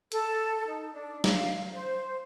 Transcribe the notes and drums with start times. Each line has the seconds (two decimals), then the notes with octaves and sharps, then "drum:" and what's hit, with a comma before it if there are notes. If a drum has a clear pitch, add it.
0.12 A4, drum: hi-hat
0.66 D#4
0.93 D4
1.24 F5, drum: snare
1.73 C5